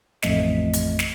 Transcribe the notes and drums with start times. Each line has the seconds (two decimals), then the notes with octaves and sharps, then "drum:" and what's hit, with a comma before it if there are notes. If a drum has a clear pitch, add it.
0.22 A1 F2 A3 D#5 B6, drum: snare
0.73 drum: hi-hat
0.99 drum: snare